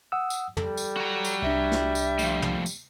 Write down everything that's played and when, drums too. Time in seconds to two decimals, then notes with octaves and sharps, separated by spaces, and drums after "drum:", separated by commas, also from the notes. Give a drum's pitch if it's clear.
0.12 F#5 D#6 E6
0.30 drum: tambourine
0.57 G3 A4, drum: tom
0.77 drum: tambourine
0.97 F#4 A#5
1.25 drum: tambourine
1.42 C2 D4 E5
1.72 drum: snare
1.95 drum: tambourine
2.19 A2 F3, drum: tambourine
2.42 drum: tom
2.66 drum: tambourine